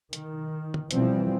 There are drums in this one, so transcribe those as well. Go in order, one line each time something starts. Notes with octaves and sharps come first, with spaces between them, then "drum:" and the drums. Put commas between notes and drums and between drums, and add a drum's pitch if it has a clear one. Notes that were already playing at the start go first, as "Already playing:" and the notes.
D#3, drum: hi-hat
drum: tom
B2 E3 F3 G3 C4, drum: hi-hat